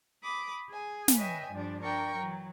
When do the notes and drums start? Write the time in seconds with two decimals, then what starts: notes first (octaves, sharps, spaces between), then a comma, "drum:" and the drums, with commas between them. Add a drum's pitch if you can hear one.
0.23 B5 D6 D#6
0.69 G#4 G#5
1.08 drum: snare
1.17 B4 C#5 D#5 E5 G5 G#5
1.51 G2 F3 G3 D4
1.82 D4 A#4 G5 C#6
2.17 E3 F#3